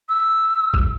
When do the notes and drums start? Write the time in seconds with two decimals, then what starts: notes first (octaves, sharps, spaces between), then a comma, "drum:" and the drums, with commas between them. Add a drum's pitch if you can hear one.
0.09 E6
0.74 drum: kick